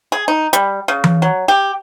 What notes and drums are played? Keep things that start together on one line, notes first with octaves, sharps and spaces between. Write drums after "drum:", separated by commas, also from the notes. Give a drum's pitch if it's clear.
G#4
D#4
G3, drum: hi-hat
C#3
drum: tom E3
F#3
G4